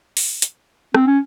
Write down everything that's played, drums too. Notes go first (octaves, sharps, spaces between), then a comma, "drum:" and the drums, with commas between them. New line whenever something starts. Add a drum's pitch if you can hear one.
drum: open hi-hat
drum: hi-hat
C4, drum: rim click
C#4